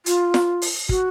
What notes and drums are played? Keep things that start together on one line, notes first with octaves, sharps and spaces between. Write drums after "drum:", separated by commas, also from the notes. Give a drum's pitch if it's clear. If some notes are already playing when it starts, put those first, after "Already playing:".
F4, drum: hi-hat
drum: snare
drum: open hi-hat
F#4, drum: kick